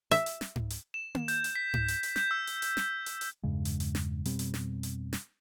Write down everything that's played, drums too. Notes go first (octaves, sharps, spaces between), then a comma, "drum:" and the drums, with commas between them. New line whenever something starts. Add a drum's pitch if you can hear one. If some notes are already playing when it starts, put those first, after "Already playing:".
E5, drum: hi-hat
drum: hi-hat
drum: snare
drum: tom G#2
drum: hi-hat
E7
drum: tom A#3
G6, drum: hi-hat
drum: hi-hat
B6
drum: tom G#2
drum: hi-hat
drum: hi-hat
G6, drum: snare
E6
drum: hi-hat
drum: hi-hat
drum: snare
drum: hi-hat
drum: hi-hat
E2 G2 C#3 G#3
drum: hi-hat
drum: hi-hat
drum: snare
F2 B2 G3 C4, drum: hi-hat
drum: hi-hat
drum: snare
drum: hi-hat
drum: snare